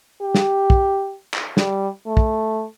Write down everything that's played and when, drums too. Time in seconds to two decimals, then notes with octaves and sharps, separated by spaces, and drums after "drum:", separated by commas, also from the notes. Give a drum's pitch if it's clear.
0.21 G4
0.35 drum: snare
0.70 drum: kick
1.34 drum: clap
1.57 G3, drum: snare
2.07 A3
2.17 drum: kick